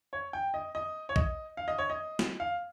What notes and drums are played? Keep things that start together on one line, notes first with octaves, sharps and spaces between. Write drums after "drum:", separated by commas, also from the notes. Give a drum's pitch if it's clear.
C#5
G5
D#5
D#5
C#5
D#5, drum: kick A#1
F5
D#5
C#5
D#5
drum: snare
F5